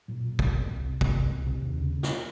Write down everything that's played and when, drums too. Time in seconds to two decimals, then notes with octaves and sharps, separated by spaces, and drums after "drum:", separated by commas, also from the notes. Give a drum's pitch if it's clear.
0.08 A#2 F#3
0.24 A#2
0.39 C2, drum: kick
0.54 C2
0.70 C2
0.85 C3
1.01 C3, drum: kick
1.16 C2
1.31 C2
1.46 C3
1.62 D#2
1.77 C#3
1.92 C#3
2.03 drum: snare